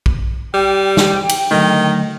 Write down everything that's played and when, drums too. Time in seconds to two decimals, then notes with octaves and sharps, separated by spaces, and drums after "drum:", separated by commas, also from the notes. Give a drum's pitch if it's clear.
0.06 drum: kick
0.54 G3 G5
0.97 drum: snare
1.29 drum: cymbal
1.51 D3 D#3 F#3 A3